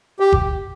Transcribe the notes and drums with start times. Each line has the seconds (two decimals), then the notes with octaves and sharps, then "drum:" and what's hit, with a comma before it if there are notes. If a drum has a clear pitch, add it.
0.20 G4
0.32 drum: kick F#1